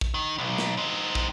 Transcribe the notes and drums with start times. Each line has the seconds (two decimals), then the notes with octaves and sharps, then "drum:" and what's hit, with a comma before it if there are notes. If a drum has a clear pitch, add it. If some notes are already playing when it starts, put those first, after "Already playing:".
0.01 drum: kick
0.14 D#3
0.38 B1
0.58 drum: snare
0.77 C4 D#4
1.15 drum: kick